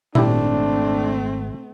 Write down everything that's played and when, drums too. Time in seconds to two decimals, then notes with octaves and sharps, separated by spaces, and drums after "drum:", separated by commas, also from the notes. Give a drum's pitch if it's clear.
0.15 G#1 A3 C4 D4 E4 G4, drum: tom A#2